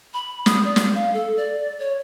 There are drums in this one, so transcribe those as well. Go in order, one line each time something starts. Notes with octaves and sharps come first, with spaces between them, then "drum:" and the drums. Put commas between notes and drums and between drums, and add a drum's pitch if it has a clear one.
B5
D#6, drum: snare
D5
drum: snare
F5
A4
D5
C#5